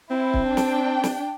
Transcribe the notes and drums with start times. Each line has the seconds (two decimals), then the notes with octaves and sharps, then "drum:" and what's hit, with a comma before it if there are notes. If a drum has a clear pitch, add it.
0.10 C4 E4
0.34 drum: kick
0.48 D4 G5
0.57 drum: snare
1.04 drum: snare